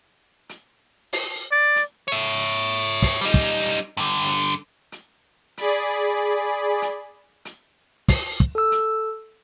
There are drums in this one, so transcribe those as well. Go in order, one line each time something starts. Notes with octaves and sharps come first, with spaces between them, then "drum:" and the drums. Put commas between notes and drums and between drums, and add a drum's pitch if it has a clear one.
drum: hi-hat
drum: open hi-hat
D5
drum: hi-hat
C#5 E5
drum: hi-hat
drum: kick, open hi-hat
G3 D#4
drum: kick
drum: hi-hat
G2 D3
drum: hi-hat
drum: hi-hat
G#4 D5 B5, drum: hi-hat
drum: hi-hat
drum: hi-hat
drum: kick, open hi-hat
drum: kick
A4 E6
drum: hi-hat